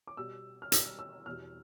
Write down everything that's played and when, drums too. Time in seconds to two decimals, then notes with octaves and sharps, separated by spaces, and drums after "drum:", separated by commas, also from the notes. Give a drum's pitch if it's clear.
0.07 D6
0.17 B2 G3 E6
0.62 F6
0.72 B2 G3 E6, drum: hi-hat
0.99 E6
1.26 E2 B2 G3 F6